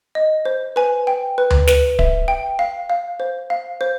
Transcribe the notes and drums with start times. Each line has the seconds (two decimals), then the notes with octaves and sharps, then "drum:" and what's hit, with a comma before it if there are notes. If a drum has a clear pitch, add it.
0.15 D#5
0.45 C5
0.76 B4 G#5
1.07 G5
1.38 B4
1.50 drum: tom D2
1.67 B4, drum: snare
1.99 E5, drum: kick D1
2.28 G5
2.59 F5
2.90 F5
3.20 C5
3.50 F5
3.81 C5